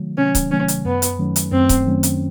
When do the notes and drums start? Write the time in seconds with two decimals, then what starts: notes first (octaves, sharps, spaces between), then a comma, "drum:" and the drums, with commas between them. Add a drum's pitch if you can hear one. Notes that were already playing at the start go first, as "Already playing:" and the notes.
Already playing: C3 D#3 F#3 A3
0.18 C3 C#4
0.35 drum: kick C#1, hi-hat
0.51 D#3 F#3 A3 C#4
0.68 drum: hi-hat
0.85 F#2 B3
1.02 drum: hi-hat
1.19 D#3 F#3 A3 C#4
1.36 drum: hi-hat
1.52 F#2 C4
1.69 drum: kick C#1, hi-hat
1.86 D#3 F#3 A3 C#4
2.03 drum: hi-hat